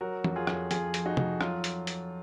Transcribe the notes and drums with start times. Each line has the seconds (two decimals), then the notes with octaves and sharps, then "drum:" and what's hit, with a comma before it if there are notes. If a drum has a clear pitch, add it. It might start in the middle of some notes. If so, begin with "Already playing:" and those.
0.01 F#3 F#4 A#4
0.24 F2, drum: tom
0.36 F4 G#4
0.47 F2, drum: rim click
0.71 F2 F4 G#4, drum: hi-hat
0.94 F3, drum: hi-hat
1.06 D#4 F#4
1.17 F2, drum: tom
1.41 F#3 F4, drum: rim click
1.64 drum: hi-hat
1.87 drum: hi-hat